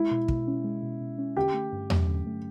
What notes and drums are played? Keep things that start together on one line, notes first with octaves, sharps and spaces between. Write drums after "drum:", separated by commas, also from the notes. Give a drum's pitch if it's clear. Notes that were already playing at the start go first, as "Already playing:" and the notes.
Already playing: G#3 E4
B2
B2, drum: kick
C#4
G#3
B2
B2
C#4
D3 G4
A3
G2
F#3, drum: tom E2
D3
A3